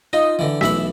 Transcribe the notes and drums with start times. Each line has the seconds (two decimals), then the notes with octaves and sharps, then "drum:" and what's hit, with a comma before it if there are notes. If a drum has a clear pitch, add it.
0.13 D#4 F4 D#5
0.39 D3 E3
0.61 B1 E3 E5 B5, drum: snare